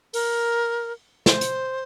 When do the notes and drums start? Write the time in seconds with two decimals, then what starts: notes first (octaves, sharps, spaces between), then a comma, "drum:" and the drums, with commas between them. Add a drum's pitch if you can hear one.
0.13 A#4, drum: open hi-hat
1.26 C5, drum: snare
1.41 drum: hi-hat